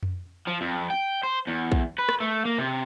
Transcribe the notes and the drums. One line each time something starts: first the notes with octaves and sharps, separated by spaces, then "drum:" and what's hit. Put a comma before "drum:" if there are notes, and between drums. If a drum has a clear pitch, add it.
drum: tom F2
F3
F2
G5
C5
E2
drum: kick A#1
B4
drum: rim click
A3
A#3
C3